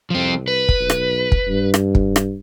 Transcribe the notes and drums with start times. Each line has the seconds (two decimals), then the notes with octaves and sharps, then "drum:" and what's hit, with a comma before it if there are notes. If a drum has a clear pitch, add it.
0.10 C2 F3 C4
0.48 B4
0.69 drum: kick
0.80 B1
0.90 drum: rim click
1.32 drum: kick
1.49 G2
1.74 drum: rim click
1.95 drum: kick
2.16 drum: rim click